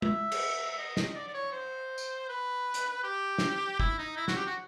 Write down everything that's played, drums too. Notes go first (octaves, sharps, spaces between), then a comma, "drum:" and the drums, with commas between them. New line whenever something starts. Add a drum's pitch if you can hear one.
E5, drum: tom
drum: cymbal
D#5
D#5, drum: snare
D5
D5
C#5
C5
drum: tambourine
B4
drum: hi-hat
G4
drum: snare
E4, drum: kick
D#4
E4
F#4, drum: snare
G4
F#4